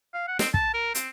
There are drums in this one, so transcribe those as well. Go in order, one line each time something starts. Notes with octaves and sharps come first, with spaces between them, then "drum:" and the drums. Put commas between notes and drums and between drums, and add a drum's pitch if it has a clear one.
F5
F#5
C4, drum: snare
A5, drum: kick
A#4
C4, drum: hi-hat